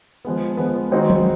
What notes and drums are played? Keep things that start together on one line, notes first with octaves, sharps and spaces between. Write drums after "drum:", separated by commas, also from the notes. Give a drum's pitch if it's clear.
F3 G#3 B3
F3 G#3 B3
D#3 G#3 C4 D#4 F#4
drum: tom F3